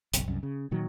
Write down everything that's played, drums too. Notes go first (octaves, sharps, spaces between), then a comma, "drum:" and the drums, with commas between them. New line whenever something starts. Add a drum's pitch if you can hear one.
F#1 B1, drum: hi-hat
C2 F#2
C#3
A#2 D#3 F#3